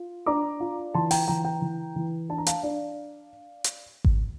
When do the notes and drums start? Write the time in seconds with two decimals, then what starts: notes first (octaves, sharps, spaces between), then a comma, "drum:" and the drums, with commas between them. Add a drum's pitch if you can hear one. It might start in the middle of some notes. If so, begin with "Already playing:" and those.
Already playing: F4
0.26 D4 A#5 D6
0.60 F4
0.94 E3 A5 C6
1.11 G5 A#5, drum: open hi-hat
1.28 E3 G5 A#5
1.45 G5 A#5
1.62 E3
1.96 E3
2.29 D4 A5
2.38 A#5
2.47 F5 A5, drum: hi-hat
2.63 D4 D5 F5
3.64 drum: hi-hat
4.04 drum: kick G#1